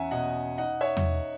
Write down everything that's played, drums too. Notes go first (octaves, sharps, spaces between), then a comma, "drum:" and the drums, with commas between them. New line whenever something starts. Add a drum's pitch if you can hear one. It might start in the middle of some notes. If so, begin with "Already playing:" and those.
Already playing: E2 C#4 E5 F#5 G#5 A#5
B2 D#5 F#5
D#4 D#5 F#5
C#5 E5
drum: tom E2